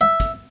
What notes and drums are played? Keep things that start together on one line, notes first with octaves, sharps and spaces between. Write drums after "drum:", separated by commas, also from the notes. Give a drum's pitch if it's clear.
E5
drum: kick, hi-hat